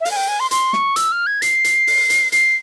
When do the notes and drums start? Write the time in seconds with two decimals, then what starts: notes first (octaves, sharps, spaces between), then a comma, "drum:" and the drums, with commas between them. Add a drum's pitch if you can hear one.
0.01 E5
0.05 F5, drum: open hi-hat
0.11 G#5
0.16 G5
0.28 G#5
0.40 C6
0.51 C6, drum: hi-hat
0.73 C#6, drum: snare
0.96 E6, drum: hi-hat
1.12 F6
1.27 G#6
1.42 C7, drum: hi-hat
1.64 drum: hi-hat
1.87 drum: open hi-hat
2.10 drum: hi-hat
2.32 C7, drum: hi-hat